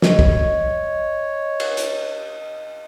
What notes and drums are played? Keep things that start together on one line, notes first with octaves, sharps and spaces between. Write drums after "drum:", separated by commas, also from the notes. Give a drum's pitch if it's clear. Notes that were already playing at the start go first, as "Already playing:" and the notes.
C#5 D#5, drum: snare
drum: kick
drum: cymbal
drum: hi-hat